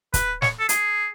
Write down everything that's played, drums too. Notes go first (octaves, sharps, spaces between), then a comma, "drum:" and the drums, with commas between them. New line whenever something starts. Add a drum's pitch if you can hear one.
B4, drum: kick, hi-hat
C#5, drum: snare
A4
G#4, drum: hi-hat